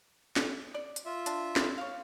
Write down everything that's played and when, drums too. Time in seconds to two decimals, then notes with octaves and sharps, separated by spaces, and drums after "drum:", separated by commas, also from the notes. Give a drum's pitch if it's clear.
0.36 drum: snare
0.74 D5
0.96 drum: hi-hat
1.06 F4 E5
1.26 D4, drum: hi-hat
1.56 drum: snare
1.78 C#5 F5